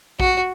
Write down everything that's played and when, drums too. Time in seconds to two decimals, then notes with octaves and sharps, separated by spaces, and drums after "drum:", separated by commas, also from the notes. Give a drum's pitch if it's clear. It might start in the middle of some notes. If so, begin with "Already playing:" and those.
0.20 F#4, drum: kick A#1